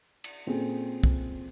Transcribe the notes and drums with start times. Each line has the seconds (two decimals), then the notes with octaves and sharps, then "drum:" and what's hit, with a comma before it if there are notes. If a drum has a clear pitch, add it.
0.24 drum: cymbal
0.47 A#2 C4 C#4 G#4 A4
1.04 drum: kick